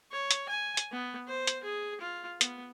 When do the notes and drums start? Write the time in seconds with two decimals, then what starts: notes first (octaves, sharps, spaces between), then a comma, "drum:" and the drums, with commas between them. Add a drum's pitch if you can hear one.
0.12 C#5
0.31 drum: hi-hat
0.49 G#5
0.77 drum: hi-hat
0.92 B3
1.28 C5
1.47 drum: hi-hat
1.64 G#4
2.01 F4
2.41 B3, drum: hi-hat